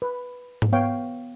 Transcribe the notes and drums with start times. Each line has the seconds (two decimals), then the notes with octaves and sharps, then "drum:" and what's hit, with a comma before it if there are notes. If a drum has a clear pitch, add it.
0.02 B4
0.62 drum: tom G#2
0.73 B3 C#5 F5 G5